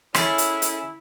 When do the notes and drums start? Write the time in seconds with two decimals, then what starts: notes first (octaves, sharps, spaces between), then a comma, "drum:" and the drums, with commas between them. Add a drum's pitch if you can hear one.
0.15 C#4 E4 G#4 A4, drum: rim click
0.38 drum: hi-hat
0.62 drum: hi-hat